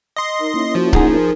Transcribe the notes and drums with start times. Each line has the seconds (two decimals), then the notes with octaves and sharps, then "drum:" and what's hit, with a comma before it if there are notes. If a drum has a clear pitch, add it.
0.17 D#5 C6
0.40 D#4 A#4
0.54 A#3 C#4 E4
0.75 F3 F#4
0.93 D#4 G#4 F#5 G#5, drum: kick C#1
1.12 A#4